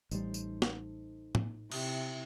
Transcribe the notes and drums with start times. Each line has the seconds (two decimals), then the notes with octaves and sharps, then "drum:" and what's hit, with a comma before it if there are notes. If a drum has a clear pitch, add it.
0.11 A1 G3 D#4 A4 C5, drum: tambourine
0.34 drum: tambourine
0.62 drum: snare
1.35 drum: tom A2
1.72 C3 E4 G4 E5, drum: cymbal